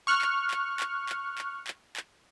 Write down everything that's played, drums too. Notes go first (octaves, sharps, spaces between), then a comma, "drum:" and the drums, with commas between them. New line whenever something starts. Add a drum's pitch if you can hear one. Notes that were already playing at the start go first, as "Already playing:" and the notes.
C#6 F6 F#6
drum: clap
drum: clap
drum: clap
drum: clap
drum: clap
drum: clap
drum: clap